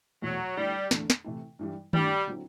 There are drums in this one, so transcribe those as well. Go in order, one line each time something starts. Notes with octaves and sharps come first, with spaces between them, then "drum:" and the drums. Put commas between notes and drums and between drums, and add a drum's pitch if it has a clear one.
E2 B2 F#3 A3
D3 G3 A3 E4
E2 D3 A3, drum: snare
drum: snare
C3 E3 A3 E4
G2 E3 G3
G2 D3 G3 A3 E4, drum: tom D#3
D3 F#3 C4 E4